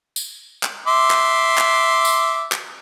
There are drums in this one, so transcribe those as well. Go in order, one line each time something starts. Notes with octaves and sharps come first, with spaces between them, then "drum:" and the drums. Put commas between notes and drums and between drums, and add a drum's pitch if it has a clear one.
drum: tambourine
drum: clap
E5 C6 D6
drum: clap
drum: clap
drum: tambourine
drum: clap